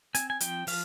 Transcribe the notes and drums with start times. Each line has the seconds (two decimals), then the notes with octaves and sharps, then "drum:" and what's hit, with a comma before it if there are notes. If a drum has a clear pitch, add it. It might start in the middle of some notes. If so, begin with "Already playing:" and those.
0.15 C4 G#5, drum: hi-hat
0.30 G#5
0.40 F3 G5, drum: hi-hat
0.67 F3 F5, drum: open hi-hat